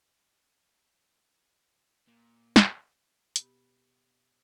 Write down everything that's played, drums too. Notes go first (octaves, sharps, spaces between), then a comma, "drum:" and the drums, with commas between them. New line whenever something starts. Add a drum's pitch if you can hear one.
A#2
drum: snare
B2 B3 G4, drum: hi-hat